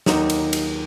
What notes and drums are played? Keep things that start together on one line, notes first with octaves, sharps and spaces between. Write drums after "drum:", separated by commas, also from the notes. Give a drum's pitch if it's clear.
D#2 D#3 F#3 D#4, drum: snare
drum: cymbal
drum: cymbal